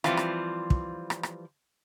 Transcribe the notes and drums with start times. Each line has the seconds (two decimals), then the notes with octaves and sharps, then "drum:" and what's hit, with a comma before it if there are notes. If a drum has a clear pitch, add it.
0.04 E3 F3 G3 C4 F4, drum: rim click
0.17 drum: rim click
0.70 drum: kick
1.10 drum: rim click
1.23 drum: rim click